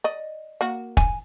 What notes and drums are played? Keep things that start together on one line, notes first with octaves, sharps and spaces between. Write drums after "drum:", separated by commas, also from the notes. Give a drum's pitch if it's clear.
D5 D#5
A#3 F#4
G#5, drum: kick